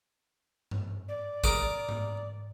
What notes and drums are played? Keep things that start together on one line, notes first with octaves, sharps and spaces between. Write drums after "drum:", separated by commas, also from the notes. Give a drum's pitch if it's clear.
drum: tom G2
D5
A#4 D6 D#6, drum: kick
drum: tom G#2